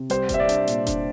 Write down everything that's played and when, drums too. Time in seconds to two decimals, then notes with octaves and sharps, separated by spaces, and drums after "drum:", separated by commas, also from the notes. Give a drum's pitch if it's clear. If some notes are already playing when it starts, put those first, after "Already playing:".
Already playing: C3
0.10 G3 C5, drum: hi-hat
0.29 G3, drum: kick F1, hi-hat
0.34 E5
0.40 D5
0.49 D4, drum: hi-hat
0.67 A#2, drum: hi-hat
0.86 D4, drum: kick F1, hi-hat